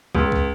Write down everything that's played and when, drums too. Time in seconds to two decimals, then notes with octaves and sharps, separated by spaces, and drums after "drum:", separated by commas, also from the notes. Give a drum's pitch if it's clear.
0.15 C#2, drum: kick
0.32 drum: kick